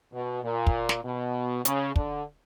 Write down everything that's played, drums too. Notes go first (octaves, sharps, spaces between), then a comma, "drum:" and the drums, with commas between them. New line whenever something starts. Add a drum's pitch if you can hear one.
B2
A#2
drum: kick
drum: snare
B2
C#3, drum: hi-hat
D3, drum: kick